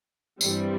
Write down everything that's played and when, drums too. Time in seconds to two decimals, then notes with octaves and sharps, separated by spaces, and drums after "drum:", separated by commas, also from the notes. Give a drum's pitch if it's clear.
0.41 G2 E3 G3 C4, drum: tambourine